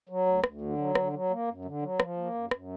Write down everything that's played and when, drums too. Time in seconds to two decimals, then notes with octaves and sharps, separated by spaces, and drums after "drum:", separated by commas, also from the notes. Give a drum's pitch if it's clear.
0.09 F#3
0.26 D2
0.44 D2, drum: rim click
0.61 D3
0.78 F#3
0.95 D3, drum: rim click
1.13 F#3
1.30 A#3
1.47 F#2
1.65 D3
1.82 F#3
2.00 F3, drum: rim click
2.17 A#3
2.34 F#2
2.51 F#2, drum: rim click